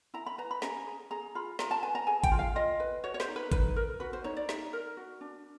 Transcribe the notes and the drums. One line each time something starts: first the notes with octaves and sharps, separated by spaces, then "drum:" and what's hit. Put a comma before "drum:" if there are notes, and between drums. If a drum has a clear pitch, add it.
E4 A#5
B5
B4 A#5
B5
C#4 A#5, drum: snare
G#4
G#4 A#5
F4 B5
F4 A#5, drum: snare
A5
B4 G#5
A#5
G#4 G#5
G5, drum: kick G#1, hi-hat
F4
F5
F4 D#5
B4
F#4 C#5
C#5
C5, drum: snare
D#4
B4
D#4 B4, drum: kick G#1, hi-hat
A#4
F#4 B4
C5
D#4 C#5
D5
D#4, drum: snare
A#4
F#4
D4